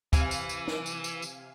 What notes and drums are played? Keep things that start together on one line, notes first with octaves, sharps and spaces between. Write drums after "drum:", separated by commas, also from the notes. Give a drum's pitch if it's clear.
C3 E3 F5 G#5, drum: kick, tambourine
drum: tambourine
drum: tambourine
drum: snare
drum: tambourine
drum: tambourine
drum: tambourine